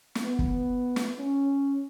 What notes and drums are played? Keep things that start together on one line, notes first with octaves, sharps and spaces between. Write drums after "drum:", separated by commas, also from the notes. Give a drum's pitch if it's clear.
drum: snare
B3
drum: kick
drum: snare
C#4